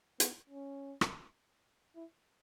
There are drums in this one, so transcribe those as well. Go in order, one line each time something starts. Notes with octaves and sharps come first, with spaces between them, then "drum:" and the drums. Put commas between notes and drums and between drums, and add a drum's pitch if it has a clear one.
B3, drum: hi-hat
C#4
drum: rim click
E4